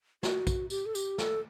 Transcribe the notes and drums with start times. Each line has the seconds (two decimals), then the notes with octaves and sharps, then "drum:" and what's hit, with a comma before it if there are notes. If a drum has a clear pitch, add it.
0.23 F#4, drum: snare
0.47 drum: kick, tambourine
0.70 G4, drum: tambourine
0.86 A4
0.95 G4, drum: tambourine
1.18 A4, drum: snare